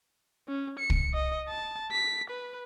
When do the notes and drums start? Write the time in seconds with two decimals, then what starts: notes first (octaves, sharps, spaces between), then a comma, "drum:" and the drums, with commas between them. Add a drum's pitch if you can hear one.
0.48 C#4
0.79 C#7
0.90 drum: kick
1.14 D#5
1.49 A5
1.92 B6
2.30 B4